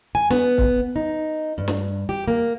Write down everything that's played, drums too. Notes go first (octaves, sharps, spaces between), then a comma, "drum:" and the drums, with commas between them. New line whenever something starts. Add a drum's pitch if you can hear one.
G#5
B3, drum: snare
drum: kick
D#4
G2
drum: snare
G4
A#3